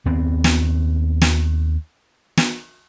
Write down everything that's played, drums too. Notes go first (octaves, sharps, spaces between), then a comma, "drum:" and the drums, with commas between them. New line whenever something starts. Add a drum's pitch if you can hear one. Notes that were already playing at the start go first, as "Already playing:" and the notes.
D#2 B3 C4
drum: snare
drum: snare
drum: snare